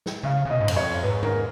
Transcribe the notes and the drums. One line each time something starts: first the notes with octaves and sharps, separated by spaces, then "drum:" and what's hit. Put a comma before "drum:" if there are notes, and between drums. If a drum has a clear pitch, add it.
drum: snare
C#3 F5
C#3
B2 D#5
G#2
F#2, drum: cymbal
F2 C#5
G#2 B4
A#4, drum: tom